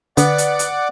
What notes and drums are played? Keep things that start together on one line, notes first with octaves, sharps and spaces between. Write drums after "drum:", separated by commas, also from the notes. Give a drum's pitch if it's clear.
D3 B3 D5 F#5 D6, drum: hi-hat
drum: hi-hat
drum: hi-hat